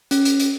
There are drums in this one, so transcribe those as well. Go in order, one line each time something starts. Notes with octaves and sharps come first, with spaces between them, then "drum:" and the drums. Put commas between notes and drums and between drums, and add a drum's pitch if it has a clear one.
C#4, drum: hi-hat
drum: hi-hat
drum: hi-hat